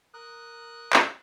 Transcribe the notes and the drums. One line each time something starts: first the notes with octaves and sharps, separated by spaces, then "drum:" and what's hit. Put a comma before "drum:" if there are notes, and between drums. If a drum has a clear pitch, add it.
A#4 D#6 F#6
drum: clap